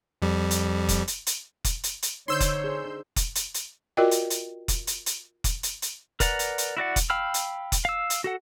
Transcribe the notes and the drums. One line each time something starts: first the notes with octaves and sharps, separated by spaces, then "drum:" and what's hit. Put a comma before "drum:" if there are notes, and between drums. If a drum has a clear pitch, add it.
F2 G3
drum: hi-hat
drum: kick, hi-hat
drum: hi-hat
drum: hi-hat
drum: kick, hi-hat
drum: hi-hat
drum: hi-hat
D3 D#4 C5 C#5 C6 E6 G6
drum: kick, hi-hat
G#4 C5
drum: kick, hi-hat
drum: hi-hat
drum: hi-hat
F4 F#4 A#4 D5 D#5 G5
drum: hi-hat
drum: hi-hat
drum: kick, hi-hat
drum: hi-hat
drum: hi-hat
drum: kick, hi-hat
drum: hi-hat
drum: hi-hat
A#4 B4 D5 F#5 A#5, drum: kick, hi-hat
drum: hi-hat
drum: hi-hat
E4 F#4 D5 F#5
drum: kick, hi-hat
F5 G5 B5 E6 F6
drum: hi-hat
drum: kick, hi-hat
F5 E6
drum: hi-hat
F#4 A4 F#5